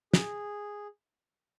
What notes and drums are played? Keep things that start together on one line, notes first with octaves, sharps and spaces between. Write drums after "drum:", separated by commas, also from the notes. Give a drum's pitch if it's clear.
G#4, drum: snare